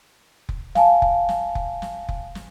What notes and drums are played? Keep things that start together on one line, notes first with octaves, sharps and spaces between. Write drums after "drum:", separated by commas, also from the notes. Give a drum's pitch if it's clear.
drum: kick F1
F5 G#5 A5, drum: snare
drum: kick F1
drum: snare
drum: kick F1
drum: snare
drum: kick F1
drum: snare